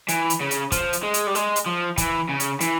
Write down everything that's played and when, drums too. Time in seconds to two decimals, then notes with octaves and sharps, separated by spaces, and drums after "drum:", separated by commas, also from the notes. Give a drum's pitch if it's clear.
0.08 E3, drum: hi-hat
0.30 drum: hi-hat
0.40 C#3
0.51 drum: hi-hat
0.72 F3, drum: kick, hi-hat
0.93 drum: hi-hat
1.03 G#3
1.14 drum: hi-hat
1.27 G3
1.35 G#3, drum: hi-hat
1.56 drum: hi-hat
1.66 F3
1.98 E3, drum: kick, hi-hat
2.29 C#3
2.40 drum: hi-hat
2.60 E3, drum: hi-hat